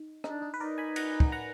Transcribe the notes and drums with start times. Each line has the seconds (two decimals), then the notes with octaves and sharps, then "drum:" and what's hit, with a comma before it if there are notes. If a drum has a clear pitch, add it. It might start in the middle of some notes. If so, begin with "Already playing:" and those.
Already playing: D#4
0.24 D4 D#4, drum: rim click
0.42 D#4
0.54 B4
0.60 D#4 A#4 D5
0.78 G#5 B5
0.96 F#5 A#5, drum: cymbal
1.20 drum: kick
1.32 F#5 A#5